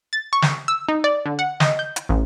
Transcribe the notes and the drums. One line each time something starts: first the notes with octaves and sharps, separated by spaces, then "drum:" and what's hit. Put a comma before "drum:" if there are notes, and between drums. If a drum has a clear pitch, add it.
A6
C#6
drum: snare
E6
D#4
D5
D3
F#5
D#5, drum: snare
G6
drum: hi-hat
A1